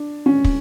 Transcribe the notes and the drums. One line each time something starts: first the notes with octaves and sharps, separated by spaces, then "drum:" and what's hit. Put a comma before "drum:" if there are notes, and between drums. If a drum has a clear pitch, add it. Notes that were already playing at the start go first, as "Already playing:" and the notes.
Already playing: D4
C#4
drum: kick